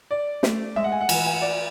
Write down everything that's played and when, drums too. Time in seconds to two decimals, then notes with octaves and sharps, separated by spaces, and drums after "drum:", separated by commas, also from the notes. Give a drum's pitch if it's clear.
0.11 D5
0.43 A3, drum: snare
0.76 G#3 E5
0.84 F#5
0.92 G#5
1.01 F#5
1.09 E3 G#5, drum: cymbal
1.26 G#5
1.34 F#5
1.42 D5